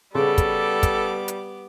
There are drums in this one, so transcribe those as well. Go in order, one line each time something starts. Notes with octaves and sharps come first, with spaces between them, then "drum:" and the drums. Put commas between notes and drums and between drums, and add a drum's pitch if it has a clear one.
C#3 G3 B3 A4 D6
drum: kick, hi-hat
drum: kick, hi-hat
drum: hi-hat